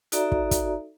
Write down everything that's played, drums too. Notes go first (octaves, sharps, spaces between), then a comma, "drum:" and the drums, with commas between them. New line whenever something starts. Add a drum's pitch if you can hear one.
D#4 F#4 A4 D5 E5 A#5, drum: hi-hat
drum: kick
drum: kick, hi-hat